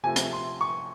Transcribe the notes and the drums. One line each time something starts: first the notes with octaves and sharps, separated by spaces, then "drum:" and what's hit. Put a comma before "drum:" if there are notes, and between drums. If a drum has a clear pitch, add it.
C3 F3 A3 G#5
drum: hi-hat
C6
C#6